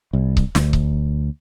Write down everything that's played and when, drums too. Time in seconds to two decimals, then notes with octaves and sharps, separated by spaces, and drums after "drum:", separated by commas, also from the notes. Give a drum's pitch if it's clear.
0.13 C2
0.37 drum: kick C#1
0.55 D2, drum: snare
0.73 drum: kick C#1